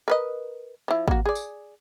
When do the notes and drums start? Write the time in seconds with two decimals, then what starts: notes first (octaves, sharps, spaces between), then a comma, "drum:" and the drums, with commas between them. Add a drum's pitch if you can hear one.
0.08 A#4 B4 D#5
0.88 F3 E4
1.08 A#3 F#4, drum: kick G#1
1.26 G#4 D5
1.35 drum: tambourine